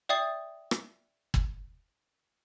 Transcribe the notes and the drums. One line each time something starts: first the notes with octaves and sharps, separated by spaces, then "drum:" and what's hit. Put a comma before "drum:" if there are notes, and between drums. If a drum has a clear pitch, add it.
D5 E5 G5 D#6 A6
drum: rim click
drum: kick